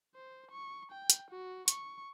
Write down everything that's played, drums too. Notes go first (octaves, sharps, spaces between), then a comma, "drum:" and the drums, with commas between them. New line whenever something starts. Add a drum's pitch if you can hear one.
C5
C#6
G5
drum: hi-hat
F#4
C#6, drum: hi-hat